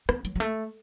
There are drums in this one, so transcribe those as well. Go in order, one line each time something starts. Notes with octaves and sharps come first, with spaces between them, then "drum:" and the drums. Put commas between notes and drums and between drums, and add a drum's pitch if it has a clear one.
B3, drum: rim click
F#3, drum: hi-hat
F#3
A3, drum: hi-hat